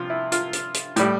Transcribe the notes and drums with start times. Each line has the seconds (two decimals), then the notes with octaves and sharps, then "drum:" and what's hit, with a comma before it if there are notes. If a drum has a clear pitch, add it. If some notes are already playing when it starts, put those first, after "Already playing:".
Already playing: C3 F3 F4
0.10 E4
0.32 F4, drum: hi-hat
0.53 drum: hi-hat
0.74 drum: hi-hat
0.96 A2 G3, drum: hi-hat